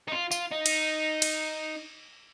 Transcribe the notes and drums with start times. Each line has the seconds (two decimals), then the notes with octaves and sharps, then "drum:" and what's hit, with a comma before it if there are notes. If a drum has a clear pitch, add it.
0.08 D#4
0.12 F4
0.32 F4, drum: tambourine
0.52 D#4
0.66 drum: cymbal
1.22 drum: cymbal